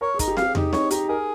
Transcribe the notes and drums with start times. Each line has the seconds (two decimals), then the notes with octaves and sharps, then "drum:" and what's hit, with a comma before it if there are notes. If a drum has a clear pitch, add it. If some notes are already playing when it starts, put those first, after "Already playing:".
0.01 A#4 C#5
0.14 G#4
0.19 D#4, drum: kick, hi-hat
0.28 G4
0.37 F5, drum: snare C4
0.42 G4
0.55 D#4 G4, drum: tom E2
0.73 D#4 C#5, drum: snare C4
0.91 D#4 G4, drum: hi-hat
1.08 G#4 A#4